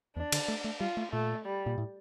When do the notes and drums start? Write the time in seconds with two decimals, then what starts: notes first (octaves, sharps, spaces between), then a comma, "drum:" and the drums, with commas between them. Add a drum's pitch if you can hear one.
0.16 E2 D4
0.32 D3, drum: cymbal
0.48 A3
0.64 A3
0.80 G3 F4
0.97 A3
1.12 A#2 A3
1.45 G3
1.66 A#2
1.78 A2